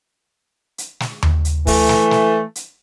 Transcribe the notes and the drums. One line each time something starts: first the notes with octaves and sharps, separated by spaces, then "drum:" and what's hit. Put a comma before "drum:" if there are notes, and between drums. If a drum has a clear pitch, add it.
drum: hi-hat
drum: snare
drum: tom D#2
drum: hi-hat
E3 A3, drum: kick, open hi-hat
drum: snare
drum: snare
drum: hi-hat